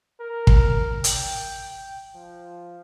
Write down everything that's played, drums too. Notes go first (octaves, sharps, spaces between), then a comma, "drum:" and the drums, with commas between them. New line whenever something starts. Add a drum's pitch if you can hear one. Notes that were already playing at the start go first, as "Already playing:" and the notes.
A#4
drum: kick
G5, drum: hi-hat
F3